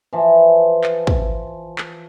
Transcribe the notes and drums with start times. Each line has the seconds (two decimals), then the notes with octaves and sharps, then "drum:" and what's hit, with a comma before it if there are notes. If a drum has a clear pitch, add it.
0.13 E3 F3
0.84 drum: clap
1.07 drum: kick
1.78 drum: clap